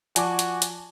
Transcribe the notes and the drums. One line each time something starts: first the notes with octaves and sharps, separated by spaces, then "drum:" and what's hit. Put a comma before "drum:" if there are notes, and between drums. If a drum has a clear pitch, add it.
F3 F4 F#4 D5 G#5 A5 D6, drum: hi-hat
drum: hi-hat
drum: hi-hat